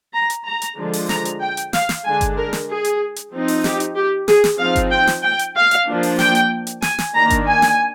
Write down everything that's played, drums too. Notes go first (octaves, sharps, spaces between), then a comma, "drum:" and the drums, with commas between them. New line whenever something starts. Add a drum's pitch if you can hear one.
A#5
drum: hi-hat
A#5
drum: hi-hat
D3 F3 G#3 D4
drum: open hi-hat
A#5, drum: snare
drum: hi-hat
G5
drum: hi-hat
F5, drum: snare
drum: snare
D3 G#3 D4 G#5
drum: kick G1, hi-hat
A#4
drum: snare
G#4
drum: hi-hat
drum: hi-hat
F3 C4 D#4
drum: open hi-hat
G4, drum: snare
drum: hi-hat
G4
G#4, drum: snare
drum: snare
F3 C4 D#4 F5
drum: kick G1, hi-hat
G5
drum: snare
G5
drum: hi-hat
F5
drum: hi-hat
F3 A#3 D4
drum: open hi-hat
G5, drum: snare
drum: hi-hat
drum: hi-hat
G#5, drum: snare
drum: snare
D#3 A#3 D4 A#5
drum: kick G1, hi-hat
G#5
drum: snare